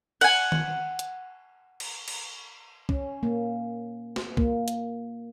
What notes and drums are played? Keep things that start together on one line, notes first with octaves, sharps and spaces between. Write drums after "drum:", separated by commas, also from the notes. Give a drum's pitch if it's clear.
F#5 G#5, drum: cymbal
drum: tom D#3
drum: hi-hat
drum: cymbal
drum: cymbal
C#4, drum: kick
A#3
drum: snare
A#3, drum: kick
drum: hi-hat